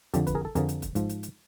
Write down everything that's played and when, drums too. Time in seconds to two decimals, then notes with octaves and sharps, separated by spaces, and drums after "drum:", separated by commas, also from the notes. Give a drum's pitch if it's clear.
0.14 F2 D3 F3 G4 A4, drum: hi-hat
0.27 B4, drum: kick, hi-hat
0.35 G#4 A#4
0.45 A4
0.55 F2 D3 F3 G#4 A#4, drum: hi-hat
0.69 drum: hi-hat
0.82 drum: kick, hi-hat
0.95 G#2 F3, drum: hi-hat
1.09 drum: hi-hat
1.23 drum: hi-hat